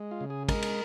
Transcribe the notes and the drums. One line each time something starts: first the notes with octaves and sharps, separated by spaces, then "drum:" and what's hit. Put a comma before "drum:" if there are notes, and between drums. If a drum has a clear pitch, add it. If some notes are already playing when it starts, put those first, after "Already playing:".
Already playing: G#3
F4
C#3
G#4
G#3 A#4, drum: kick, cymbal
drum: cymbal